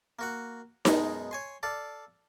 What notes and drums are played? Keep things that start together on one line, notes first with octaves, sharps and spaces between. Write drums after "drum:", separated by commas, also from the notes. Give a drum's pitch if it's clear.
A#3 F#4 F#5
F#2 B2 G#3 D#4, drum: snare D#4
C#5 G#5 C6
A4 D5 F5